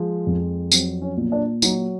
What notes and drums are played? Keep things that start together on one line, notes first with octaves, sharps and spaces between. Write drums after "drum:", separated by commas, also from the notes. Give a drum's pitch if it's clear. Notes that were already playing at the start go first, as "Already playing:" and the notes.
Already playing: F3 G#3
F2
F#3 C4, drum: tambourine
C#4
A#2
D4
F#3 D#4, drum: tambourine